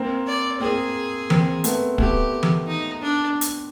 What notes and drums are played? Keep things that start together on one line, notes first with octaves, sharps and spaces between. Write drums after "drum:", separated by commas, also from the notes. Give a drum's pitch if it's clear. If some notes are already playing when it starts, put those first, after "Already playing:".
Already playing: A#3 C4
D5
A#3 C4 G#4
A#3 C4, drum: tom E3
A3 B3, drum: hi-hat
A3 B3 G4, drum: kick
drum: tom E3
D#4
D4
drum: hi-hat